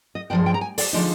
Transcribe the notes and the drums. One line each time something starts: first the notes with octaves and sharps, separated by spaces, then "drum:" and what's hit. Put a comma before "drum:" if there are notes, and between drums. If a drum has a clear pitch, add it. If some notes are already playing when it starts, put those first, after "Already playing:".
D#5
G2 F3 G#3 G5
G5
A#5
G#5
D5, drum: open hi-hat
D3 F3 G#3 D#4 D5